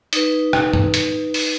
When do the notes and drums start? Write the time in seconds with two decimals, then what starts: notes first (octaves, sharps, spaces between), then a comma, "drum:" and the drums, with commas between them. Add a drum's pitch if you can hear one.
0.13 D#4 B4, drum: hi-hat
0.53 drum: rim click
0.73 drum: tom
0.94 drum: hi-hat
1.34 drum: open hi-hat